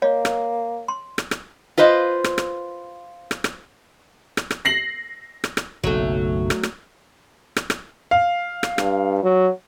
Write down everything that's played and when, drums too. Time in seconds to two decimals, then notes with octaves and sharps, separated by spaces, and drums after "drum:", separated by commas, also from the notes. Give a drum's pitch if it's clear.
0.02 A#3 C#5 D#5 F5
0.25 drum: rim click
0.88 C6
1.18 drum: rim click
1.31 drum: rim click
1.78 F4 B4 C5 D#5 F5
2.24 drum: rim click
2.38 drum: rim click
3.31 drum: rim click
3.44 drum: rim click
4.37 drum: rim click
4.51 drum: rim click
4.65 A#6 C7 F#7
5.44 drum: rim click
5.57 drum: rim click
5.84 F#1 B1 F#3 A3
6.50 drum: rim click
6.63 drum: rim click
7.56 drum: rim click
7.70 drum: rim click
8.11 F5
8.63 drum: rim click
8.78 G2, drum: rim click
9.23 F#3